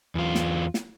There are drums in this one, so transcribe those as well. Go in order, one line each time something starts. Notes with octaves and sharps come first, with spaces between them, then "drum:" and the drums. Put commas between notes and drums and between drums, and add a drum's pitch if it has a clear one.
E2 F4
drum: snare
drum: snare